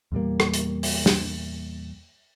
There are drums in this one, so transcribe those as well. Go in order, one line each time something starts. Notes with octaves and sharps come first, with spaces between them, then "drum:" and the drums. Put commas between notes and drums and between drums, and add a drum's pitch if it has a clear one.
E2 A#2 G3 A#3
drum: rim click
drum: hi-hat
drum: open hi-hat
drum: snare